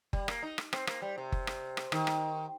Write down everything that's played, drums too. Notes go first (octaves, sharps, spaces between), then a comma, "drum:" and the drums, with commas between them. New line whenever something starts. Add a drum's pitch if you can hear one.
G3, drum: kick F#1
A#3, drum: rim click
D#4
drum: rim click
C4, drum: rim click
A#3, drum: rim click
G3
C3
drum: kick F#1
drum: rim click
drum: rim click
D#3, drum: rim click
drum: rim click